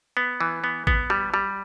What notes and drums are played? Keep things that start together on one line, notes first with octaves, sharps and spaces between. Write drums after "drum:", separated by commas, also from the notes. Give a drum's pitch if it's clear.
B3
E3
B3
B3, drum: kick G#1
G3, drum: rim click
G3, drum: rim click